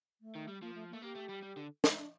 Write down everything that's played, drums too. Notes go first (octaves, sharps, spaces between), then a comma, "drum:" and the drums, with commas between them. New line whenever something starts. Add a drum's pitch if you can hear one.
A3
D#3
G3
F3 A#3
A3
A3 A#3
A#3 G4
A3
G3
G3
D3
D#4, drum: snare
D4